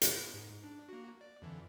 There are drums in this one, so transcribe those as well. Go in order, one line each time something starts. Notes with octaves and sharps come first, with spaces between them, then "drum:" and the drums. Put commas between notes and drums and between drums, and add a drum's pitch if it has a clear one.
B3, drum: hi-hat
G#2
D4
A#3 F#4
D5
F2 D3 E3